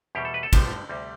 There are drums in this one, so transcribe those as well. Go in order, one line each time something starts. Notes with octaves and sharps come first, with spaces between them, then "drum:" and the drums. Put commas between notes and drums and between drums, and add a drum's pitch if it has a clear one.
E2 B2 G3 G4
A4
B4
A4
G1 G2 D3 F3 A3, drum: kick, cymbal
D2 C3 G3